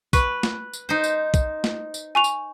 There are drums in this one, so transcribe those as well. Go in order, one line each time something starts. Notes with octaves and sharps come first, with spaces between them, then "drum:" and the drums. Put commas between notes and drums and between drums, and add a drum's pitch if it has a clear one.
B4 C#6, drum: kick, tambourine
drum: snare
drum: tambourine
D#4 C5
drum: tambourine
drum: kick, tambourine
drum: snare
drum: tambourine
G#5 C#6 F7
drum: tambourine